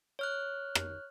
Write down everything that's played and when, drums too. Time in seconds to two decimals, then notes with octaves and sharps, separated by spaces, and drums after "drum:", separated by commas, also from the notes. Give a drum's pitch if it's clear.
0.19 C#5 F6 F#6
0.75 drum: rim click